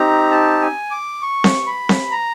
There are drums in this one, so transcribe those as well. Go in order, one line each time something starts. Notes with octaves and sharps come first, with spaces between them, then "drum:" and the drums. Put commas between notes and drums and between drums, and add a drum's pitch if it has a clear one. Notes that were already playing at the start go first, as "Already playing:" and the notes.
Already playing: C4 D#4 G4 A#5
A5
G#5
D6
C#6
drum: snare C4
B5
drum: snare C4
A#5